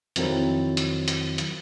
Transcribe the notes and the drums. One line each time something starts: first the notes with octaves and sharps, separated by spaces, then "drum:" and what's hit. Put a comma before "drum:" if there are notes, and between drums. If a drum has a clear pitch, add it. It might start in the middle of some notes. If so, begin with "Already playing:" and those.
F2 D#3 F#3 C4 E4 A6, drum: hi-hat
drum: hi-hat
drum: hi-hat
drum: hi-hat